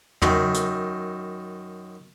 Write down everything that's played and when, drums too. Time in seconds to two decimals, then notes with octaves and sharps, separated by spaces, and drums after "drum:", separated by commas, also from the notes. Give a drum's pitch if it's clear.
0.22 F#2 D#3, drum: tom
0.54 drum: hi-hat